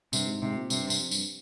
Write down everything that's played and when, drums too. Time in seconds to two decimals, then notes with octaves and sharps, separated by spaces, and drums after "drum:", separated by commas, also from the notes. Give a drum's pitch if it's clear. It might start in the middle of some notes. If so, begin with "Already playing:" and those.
0.13 G2 C3, drum: tambourine
0.27 G#2
0.42 G#2 C3
0.57 A#2
0.70 G2 C3, drum: tambourine
0.90 drum: tambourine
1.00 F2
1.11 G2, drum: tambourine